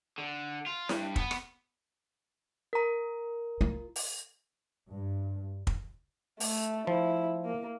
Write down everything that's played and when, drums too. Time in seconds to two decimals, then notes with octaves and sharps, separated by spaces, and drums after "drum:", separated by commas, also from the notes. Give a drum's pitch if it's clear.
0.18 D3
0.66 F4
0.89 G2, drum: snare E4
1.16 B3, drum: kick
1.31 drum: rim click
2.73 A#4 A#5
3.61 F4
3.96 drum: open hi-hat
4.90 G2
5.67 drum: kick
6.40 A3, drum: open hi-hat
6.87 F3 E4
7.45 A#3